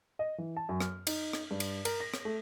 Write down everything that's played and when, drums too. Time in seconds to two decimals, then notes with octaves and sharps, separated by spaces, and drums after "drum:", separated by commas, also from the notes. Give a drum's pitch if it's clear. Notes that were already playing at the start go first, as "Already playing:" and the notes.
0.19 D#5
0.38 E3
0.57 A5
0.69 F#2
0.80 F6, drum: rim click
1.07 D#4, drum: cymbal
1.33 drum: rim click
1.51 G2
1.60 drum: cymbal
1.85 A#4, drum: cymbal
2.00 A#6
2.14 drum: rim click
2.25 A3